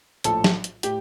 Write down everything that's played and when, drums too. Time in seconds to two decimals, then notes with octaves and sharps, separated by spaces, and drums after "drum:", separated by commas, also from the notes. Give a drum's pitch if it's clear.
0.24 A#1 A2 F3 A4 A5, drum: hi-hat
0.44 drum: snare
0.64 drum: hi-hat
0.83 A2 G4 G5, drum: hi-hat